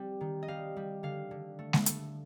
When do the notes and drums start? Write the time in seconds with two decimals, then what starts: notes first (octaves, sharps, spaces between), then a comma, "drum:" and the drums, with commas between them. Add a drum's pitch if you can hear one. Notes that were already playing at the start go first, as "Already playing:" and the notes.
Already playing: G3 C4
0.21 D#3
0.43 D#5
0.48 G3 F5
0.76 G3
1.03 D3 F5
1.31 D3
1.59 A3
1.73 drum: snare G#3
1.86 A3, drum: hi-hat